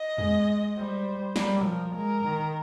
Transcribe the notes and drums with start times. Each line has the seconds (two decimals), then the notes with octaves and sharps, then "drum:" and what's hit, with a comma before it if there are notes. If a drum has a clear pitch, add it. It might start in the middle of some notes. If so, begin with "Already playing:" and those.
Already playing: D#5
0.18 G#3, drum: tom E2
0.77 G3 C5
1.36 G3 A#4, drum: snare
1.65 F3
1.95 G#3 A#4
2.24 D#3